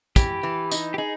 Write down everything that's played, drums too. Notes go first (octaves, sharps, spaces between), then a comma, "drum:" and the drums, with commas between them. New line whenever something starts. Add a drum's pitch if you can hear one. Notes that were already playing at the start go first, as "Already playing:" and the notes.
E3 G4, drum: kick, tambourine
E3
D#4, drum: tambourine
G4
D#4 G#4